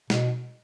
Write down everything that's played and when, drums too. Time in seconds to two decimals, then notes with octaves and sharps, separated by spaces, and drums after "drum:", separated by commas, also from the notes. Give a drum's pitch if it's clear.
0.10 B2, drum: snare